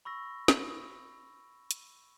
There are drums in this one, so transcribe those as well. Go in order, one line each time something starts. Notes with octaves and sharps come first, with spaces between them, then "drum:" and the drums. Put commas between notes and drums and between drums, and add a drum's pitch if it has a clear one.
B5 C#6 E6 A#6
drum: snare
drum: hi-hat